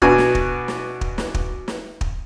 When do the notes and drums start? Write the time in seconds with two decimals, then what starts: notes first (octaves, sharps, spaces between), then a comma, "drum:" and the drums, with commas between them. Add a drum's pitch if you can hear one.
0.02 B2 B3 D4 F#4 G#5, drum: kick
0.18 drum: snare
0.35 drum: kick
0.68 drum: snare
1.01 drum: kick
1.18 drum: snare
1.34 drum: kick
1.68 drum: snare
2.01 drum: kick